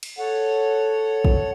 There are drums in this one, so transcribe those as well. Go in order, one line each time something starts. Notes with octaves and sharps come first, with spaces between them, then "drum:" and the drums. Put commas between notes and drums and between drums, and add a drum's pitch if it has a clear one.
drum: cymbal
A4 C#5 F#5
drum: kick